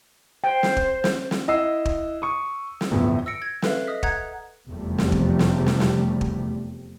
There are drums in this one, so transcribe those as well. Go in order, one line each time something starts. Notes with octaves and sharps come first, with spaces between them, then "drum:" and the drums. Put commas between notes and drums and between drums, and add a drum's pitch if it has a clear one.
C5 G5
drum: snare
drum: kick
drum: snare
drum: snare
E4 D#5 F#5 E6 C7
drum: kick
C#6 D#6
drum: snare
G1 E2 A2 F3 A3
E6 A#6 C#7 D7
G#6
A4 B4 E5 F5, drum: snare
D#5 D#6 F6 B6
F#5 A#5 F#6 G#6, drum: kick
F1 E2 C3 F3 G3 A3
drum: snare
drum: kick
drum: snare
drum: snare
drum: snare
drum: kick